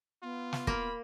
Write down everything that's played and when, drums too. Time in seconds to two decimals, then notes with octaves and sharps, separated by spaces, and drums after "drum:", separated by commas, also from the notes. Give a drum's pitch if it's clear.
0.23 B3 F4
0.53 drum: snare
0.67 A#3 B5, drum: kick